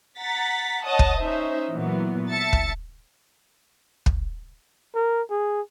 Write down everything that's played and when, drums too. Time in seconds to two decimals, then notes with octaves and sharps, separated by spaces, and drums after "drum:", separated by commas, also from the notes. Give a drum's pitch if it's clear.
0.18 F#5 A#5 A6 B6
0.84 C#5 D#5 F#5 A5 D#6
0.99 drum: kick
1.18 C#4 D#4 C5 E5
1.71 A#2 E3 F#3 B3
2.31 E5 A5 A6 C#7
2.53 drum: kick
4.06 drum: kick
4.95 A#4
5.30 G#4